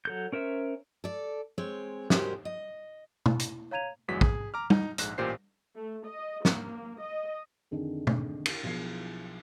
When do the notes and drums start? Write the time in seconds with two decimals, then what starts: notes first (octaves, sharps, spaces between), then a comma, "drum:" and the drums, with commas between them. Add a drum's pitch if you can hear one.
0.05 F#3 A4 G6
0.32 C#4 A#4 C5 E5
1.04 A4 D5
1.58 G#3 C4 C#5
2.10 C#4 F#4 G4 A#4 C5 D#5, drum: snare
2.45 D#5
3.26 E4, drum: tom
3.39 drum: hi-hat
3.71 C#5 F5 A#5 G#6 D#7 F7
4.08 G1 E2 F#3 G#3 B6
4.21 G#4, drum: kick
4.54 A#5 D6 F6
4.70 D#4, drum: tom
4.98 A#1 G#2 F#6, drum: hi-hat
5.18 A1 A#2 G4 C5 C7
5.75 A3
6.06 D#5
6.45 A#3, drum: snare
7.00 D#5
7.71 F2 D3 D#3 G#4
8.07 drum: tom
8.46 drum: cymbal
8.63 B1 F3 G#4 C7